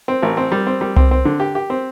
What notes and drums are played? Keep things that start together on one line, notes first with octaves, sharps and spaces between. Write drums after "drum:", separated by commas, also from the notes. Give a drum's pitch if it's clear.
C4
A1
C4
G3
C4
G3
C4, drum: tom C2
C4
D3
G4
G4
C4